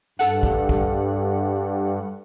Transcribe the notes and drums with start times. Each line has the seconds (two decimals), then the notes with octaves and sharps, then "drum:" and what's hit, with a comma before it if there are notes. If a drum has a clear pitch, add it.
0.19 G2 A4 F#5, drum: hi-hat
0.43 drum: kick
0.69 drum: kick